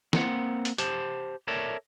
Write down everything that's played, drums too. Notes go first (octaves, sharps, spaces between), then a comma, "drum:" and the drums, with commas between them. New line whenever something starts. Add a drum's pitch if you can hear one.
A#3 C4 F#5, drum: snare
drum: hi-hat
G4 C5 A5, drum: hi-hat
A4 A#4 C#5 D5 E5 A5